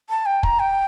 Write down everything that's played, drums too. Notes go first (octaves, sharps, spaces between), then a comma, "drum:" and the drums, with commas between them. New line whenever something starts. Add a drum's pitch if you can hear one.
A5
G5
A#5, drum: kick
G5